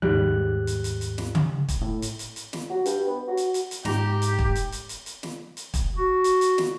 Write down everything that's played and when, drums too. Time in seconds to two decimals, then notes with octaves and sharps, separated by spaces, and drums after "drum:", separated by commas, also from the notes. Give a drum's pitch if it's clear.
0.02 D#2 G#2 G3 F#6
0.67 drum: hi-hat
0.84 drum: hi-hat
1.01 drum: hi-hat
1.18 drum: snare
1.35 drum: tom C#3
1.69 drum: kick, hi-hat
1.82 A2
2.02 drum: hi-hat
2.19 drum: hi-hat
2.36 drum: hi-hat
2.53 drum: snare
2.70 F#4
2.86 G2, drum: hi-hat
3.07 B3
3.28 F#4
3.37 drum: hi-hat
3.54 drum: hi-hat
3.71 drum: hi-hat
3.85 G#2 G4 A#5, drum: snare
4.22 drum: hi-hat
4.39 drum: kick
4.55 drum: hi-hat
4.72 drum: hi-hat
4.89 drum: hi-hat
5.06 drum: hi-hat
5.23 drum: snare
5.57 drum: hi-hat
5.74 drum: kick, hi-hat
5.95 F#4
6.24 drum: hi-hat
6.41 drum: hi-hat
6.58 drum: snare